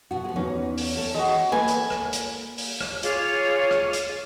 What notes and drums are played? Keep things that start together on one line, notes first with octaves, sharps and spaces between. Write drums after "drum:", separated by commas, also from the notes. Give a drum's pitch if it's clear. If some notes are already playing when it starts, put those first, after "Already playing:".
B2 F#4
F3 G#3
E2 B3 C#4 D#4
drum: open hi-hat
A4 C#5
E3 G#3 F#4
A#3 A4 B4 G#5
drum: hi-hat
drum: rim click
drum: hi-hat
drum: open hi-hat
drum: rim click
F4 G#4 C#5 D6, drum: hi-hat
drum: rim click
drum: hi-hat